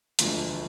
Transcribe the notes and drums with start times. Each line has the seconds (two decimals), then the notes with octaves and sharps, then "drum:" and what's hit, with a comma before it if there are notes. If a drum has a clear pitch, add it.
0.19 E1 D2 D3 F3, drum: hi-hat